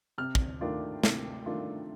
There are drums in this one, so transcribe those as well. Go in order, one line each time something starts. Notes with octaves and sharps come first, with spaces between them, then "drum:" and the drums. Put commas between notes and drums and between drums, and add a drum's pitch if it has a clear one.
C3 F6
drum: kick
D#3 A3 D4 F4
C3, drum: snare
D#3 A3 D4 F4